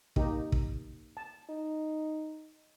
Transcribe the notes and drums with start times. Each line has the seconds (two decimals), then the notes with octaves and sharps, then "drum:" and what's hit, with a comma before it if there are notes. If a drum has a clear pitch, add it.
0.16 A#3 D#4 G4, drum: kick
0.52 drum: kick
1.17 A5
1.49 D#4